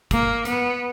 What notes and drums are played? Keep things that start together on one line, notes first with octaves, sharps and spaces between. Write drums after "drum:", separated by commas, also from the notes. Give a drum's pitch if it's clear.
A#3, drum: kick, hi-hat
B3, drum: hi-hat